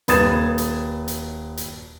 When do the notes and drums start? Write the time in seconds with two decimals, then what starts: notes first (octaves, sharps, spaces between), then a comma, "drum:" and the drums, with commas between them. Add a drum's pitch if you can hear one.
0.08 D#1 B4 D#6 G#6 A6 E7, drum: hi-hat
0.58 drum: hi-hat
1.08 drum: hi-hat
1.57 drum: hi-hat